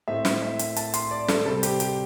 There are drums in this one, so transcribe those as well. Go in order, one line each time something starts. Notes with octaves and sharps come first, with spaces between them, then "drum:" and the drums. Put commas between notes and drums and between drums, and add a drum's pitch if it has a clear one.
A2 A3 C4 E5
drum: snare
E5
drum: hi-hat
A5, drum: hi-hat
C6, drum: hi-hat
D5
A4, drum: snare
C3 G3 C4 A4
G4, drum: hi-hat
G4, drum: hi-hat